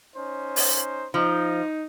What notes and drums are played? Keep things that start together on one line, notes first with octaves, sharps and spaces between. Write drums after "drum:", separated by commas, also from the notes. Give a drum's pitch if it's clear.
C#4 D#4 C5
drum: open hi-hat
F3 D#4